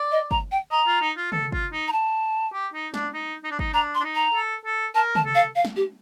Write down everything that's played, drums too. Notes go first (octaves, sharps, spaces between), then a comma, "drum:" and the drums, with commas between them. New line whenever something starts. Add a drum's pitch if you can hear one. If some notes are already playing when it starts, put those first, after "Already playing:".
Already playing: D5
D#5
A#5, drum: kick
G5
D#5 A#5
F4
D#4
F4
A4, drum: tom
F4, drum: kick
D#4
A#5
A5
G4
D#4
D4, drum: snare
D#4
D#4
D4
D#4, drum: kick
D4 A#5
C6
D4
D#4
A#5
A4
A4
A#4 A5
A5, drum: tom
A4
F5
F5
drum: snare
G4